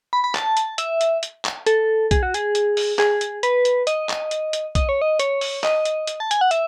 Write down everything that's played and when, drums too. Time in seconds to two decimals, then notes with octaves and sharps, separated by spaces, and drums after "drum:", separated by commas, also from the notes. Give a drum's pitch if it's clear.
0.13 B5
0.24 B5
0.35 A5, drum: clap
0.57 drum: hi-hat
0.78 E5, drum: hi-hat
1.01 drum: hi-hat
1.23 drum: hi-hat
1.45 drum: clap
1.67 A4, drum: hi-hat
2.11 G#4, drum: kick B1, hi-hat
2.23 F#4
2.34 G#4, drum: hi-hat
2.55 drum: hi-hat
2.77 drum: open hi-hat
2.99 G#4, drum: clap
3.21 drum: hi-hat
3.43 B4, drum: hi-hat
3.65 drum: hi-hat
3.87 D#5, drum: hi-hat
4.09 drum: clap
4.31 drum: hi-hat
4.53 drum: hi-hat
4.75 D#5, drum: kick B1, hi-hat
4.89 C#5
5.02 D#5
5.19 C#5, drum: hi-hat
5.41 drum: open hi-hat
5.64 D#5, drum: clap
5.85 drum: hi-hat
6.07 drum: hi-hat
6.20 A5
6.31 G#5, drum: hi-hat
6.41 F#5
6.51 E5, drum: hi-hat